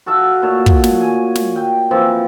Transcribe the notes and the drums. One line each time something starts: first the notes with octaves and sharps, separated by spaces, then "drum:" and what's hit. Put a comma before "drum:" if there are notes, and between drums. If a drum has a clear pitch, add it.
F#4 A4 E5 F5
A#2 A3 C#5 A5
drum: kick
drum: snare
G#5
drum: snare
G5
E3 F3 A#3 C4